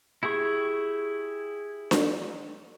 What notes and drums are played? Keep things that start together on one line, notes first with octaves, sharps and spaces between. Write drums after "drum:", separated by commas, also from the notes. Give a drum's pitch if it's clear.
E4 G4 G#4 C#6
drum: snare D4